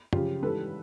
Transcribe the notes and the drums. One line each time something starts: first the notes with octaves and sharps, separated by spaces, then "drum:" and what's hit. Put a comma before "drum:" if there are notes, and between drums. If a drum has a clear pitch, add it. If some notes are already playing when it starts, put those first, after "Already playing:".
F#2 C#3 F3 F4 G4, drum: tom
G#2 E3 G3 A4 B4